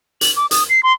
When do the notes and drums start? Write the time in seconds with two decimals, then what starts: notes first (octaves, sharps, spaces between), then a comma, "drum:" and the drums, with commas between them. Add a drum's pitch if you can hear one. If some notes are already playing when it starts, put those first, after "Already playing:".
0.21 F#7, drum: hi-hat
0.36 D6
0.51 D#6, drum: hi-hat
0.69 C7
0.83 C6